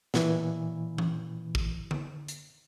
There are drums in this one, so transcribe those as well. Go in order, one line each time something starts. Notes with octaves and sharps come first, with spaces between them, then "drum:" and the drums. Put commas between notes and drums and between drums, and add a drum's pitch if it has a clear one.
A#2 E3, drum: snare
drum: tom E3
drum: kick
drum: tom D3
drum: hi-hat